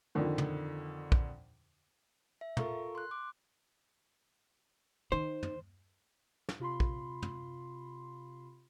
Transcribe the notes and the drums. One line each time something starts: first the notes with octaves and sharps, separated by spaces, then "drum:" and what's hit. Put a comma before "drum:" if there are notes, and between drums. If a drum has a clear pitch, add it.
F2 D3 D#3
drum: tom
drum: kick
E5
F4 A4 A#4 A#5 C#6, drum: tom
C6 F#6
D6
D#3 C5
drum: tom
drum: snare
C3 F4 B5 C6
drum: kick
drum: tom